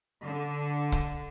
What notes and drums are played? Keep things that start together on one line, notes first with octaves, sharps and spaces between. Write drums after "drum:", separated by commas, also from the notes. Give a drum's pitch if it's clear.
D3
drum: kick